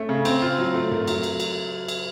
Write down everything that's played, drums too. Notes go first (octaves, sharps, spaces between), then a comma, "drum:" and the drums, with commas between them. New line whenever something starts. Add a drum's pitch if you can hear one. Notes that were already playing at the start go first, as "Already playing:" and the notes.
Already playing: A3 C#4
C#3
C4, drum: cymbal
F4
F#3
A3
A#4, drum: tom
F#3, drum: cymbal
drum: cymbal
drum: cymbal
drum: cymbal